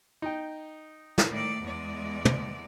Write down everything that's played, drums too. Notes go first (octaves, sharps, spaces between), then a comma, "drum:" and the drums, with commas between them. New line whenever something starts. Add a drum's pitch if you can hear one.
D#4 G5
drum: snare
A2 D#3 D5
E2 G#3 D5
drum: tom